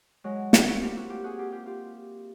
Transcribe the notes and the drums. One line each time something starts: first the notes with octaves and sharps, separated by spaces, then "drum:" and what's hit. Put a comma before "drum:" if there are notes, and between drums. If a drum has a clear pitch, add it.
F#3 G#3
A#3 C4, drum: snare
E4 F#4
F4 G4
E4 F#4
F4 G4
F#4 G#4
F4 G4
F4 G4
F4 G4